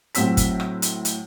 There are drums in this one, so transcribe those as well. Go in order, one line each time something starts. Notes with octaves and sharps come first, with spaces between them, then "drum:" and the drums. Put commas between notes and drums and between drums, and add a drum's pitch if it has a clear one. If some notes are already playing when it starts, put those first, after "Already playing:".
A2 F#3 C4 E6 B6, drum: hi-hat
drum: kick, hi-hat
drum: rim click
drum: hi-hat
drum: hi-hat